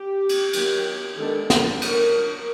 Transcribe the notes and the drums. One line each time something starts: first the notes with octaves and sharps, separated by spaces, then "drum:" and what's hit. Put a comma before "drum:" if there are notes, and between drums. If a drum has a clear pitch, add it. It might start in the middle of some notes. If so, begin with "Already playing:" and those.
Already playing: G4
drum: cymbal
D#3 F#3 A#3, drum: cymbal
D#3 G#3 B3 D4 A4
A4, drum: snare
F#3 B3 D4 A#4, drum: cymbal